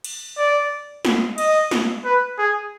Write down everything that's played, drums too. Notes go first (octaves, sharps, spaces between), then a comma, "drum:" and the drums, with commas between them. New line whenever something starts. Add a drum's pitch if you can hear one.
drum: cymbal
D5
drum: snare
D#5, drum: cymbal
drum: snare
B4
G#4